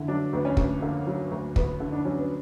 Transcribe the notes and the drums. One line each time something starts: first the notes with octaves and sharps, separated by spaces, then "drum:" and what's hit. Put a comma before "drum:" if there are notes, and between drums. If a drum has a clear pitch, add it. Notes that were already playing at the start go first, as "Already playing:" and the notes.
Already playing: D3 E4
F#3 D4
D2 B3
C#4
D2, drum: kick
D3 A#3
F#3
D2
D2 B3, drum: kick
D3
D4
F#3 C#4
B3